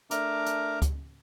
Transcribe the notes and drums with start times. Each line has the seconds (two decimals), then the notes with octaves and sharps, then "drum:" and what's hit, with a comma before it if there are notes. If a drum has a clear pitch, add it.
0.11 A3 D4 A#4 A#5 D6, drum: hi-hat
0.46 drum: hi-hat
0.82 drum: kick C#2, hi-hat